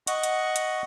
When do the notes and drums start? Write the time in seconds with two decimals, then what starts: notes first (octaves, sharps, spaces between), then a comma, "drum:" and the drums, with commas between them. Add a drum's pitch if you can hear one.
0.07 D#5 F#5 C#6, drum: hi-hat
0.23 drum: hi-hat
0.56 drum: hi-hat